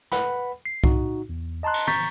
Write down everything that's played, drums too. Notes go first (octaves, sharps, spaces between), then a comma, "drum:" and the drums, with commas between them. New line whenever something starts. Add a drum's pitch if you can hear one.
B4 F#5 B5, drum: snare
C7
D#4 F#4, drum: kick C2
E2
D#5 A5 A#5 C6 F#6
drum: cymbal
A#5 C#6 G6 A6 B6, drum: tom